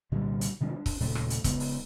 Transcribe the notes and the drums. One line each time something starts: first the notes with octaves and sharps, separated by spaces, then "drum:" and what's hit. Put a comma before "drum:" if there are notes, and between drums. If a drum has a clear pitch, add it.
C2 A#2 D3 G3
drum: hi-hat
C3 D#3 G#3 D4
D4
drum: kick C#1, open hi-hat
D#2 A#2 C#3 A3, drum: open hi-hat
drum: rim click
drum: hi-hat
C#3 G#3 B3, drum: kick C#1, hi-hat
drum: open hi-hat